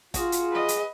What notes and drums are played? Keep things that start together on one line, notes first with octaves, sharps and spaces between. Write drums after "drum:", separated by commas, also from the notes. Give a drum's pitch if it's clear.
F4 F#4 G#4, drum: kick, hi-hat
drum: hi-hat
B4 D#5
drum: hi-hat